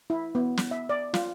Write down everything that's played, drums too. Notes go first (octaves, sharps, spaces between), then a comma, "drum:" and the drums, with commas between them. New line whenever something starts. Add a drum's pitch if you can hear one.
E4
B3
drum: snare
E5
D5
F4, drum: snare